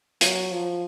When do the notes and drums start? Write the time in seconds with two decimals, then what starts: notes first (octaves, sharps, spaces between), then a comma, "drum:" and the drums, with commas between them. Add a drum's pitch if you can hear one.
0.21 F#3, drum: hi-hat
0.52 F3